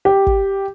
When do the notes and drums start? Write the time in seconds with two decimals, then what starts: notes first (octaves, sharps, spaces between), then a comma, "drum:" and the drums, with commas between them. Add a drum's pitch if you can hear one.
0.05 G4
0.27 drum: kick